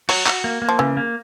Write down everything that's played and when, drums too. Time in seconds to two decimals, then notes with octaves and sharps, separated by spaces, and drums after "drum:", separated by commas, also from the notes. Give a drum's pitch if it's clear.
0.09 F#3 F#4, drum: open hi-hat
0.26 F#4, drum: clap
0.44 A#3
0.62 A#3
0.69 F3
0.79 C#3 E3
0.97 A#3